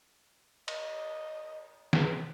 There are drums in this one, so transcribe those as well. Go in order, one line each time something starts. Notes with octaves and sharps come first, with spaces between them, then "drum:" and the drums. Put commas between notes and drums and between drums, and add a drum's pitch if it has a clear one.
D#5, drum: cymbal
C3 G#4 B4 F#5, drum: snare